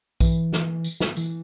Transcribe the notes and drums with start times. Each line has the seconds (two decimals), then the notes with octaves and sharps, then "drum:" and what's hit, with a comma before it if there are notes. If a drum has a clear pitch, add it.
0.20 E3, drum: kick A#1, tambourine
0.53 drum: snare
0.84 drum: tambourine
1.00 drum: snare
1.17 E3, drum: tambourine